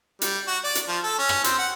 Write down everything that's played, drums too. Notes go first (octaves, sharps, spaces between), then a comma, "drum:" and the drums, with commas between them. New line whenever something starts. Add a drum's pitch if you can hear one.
G3, drum: hi-hat
F#4
D5
drum: hi-hat
F3
A4
C#4
drum: rim click
C4, drum: hi-hat
F#5